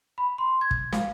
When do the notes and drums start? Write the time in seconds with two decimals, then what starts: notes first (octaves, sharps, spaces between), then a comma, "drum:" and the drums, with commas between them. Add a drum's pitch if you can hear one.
0.18 B5
0.38 C6
0.61 G#6
0.71 drum: kick
0.92 F5, drum: snare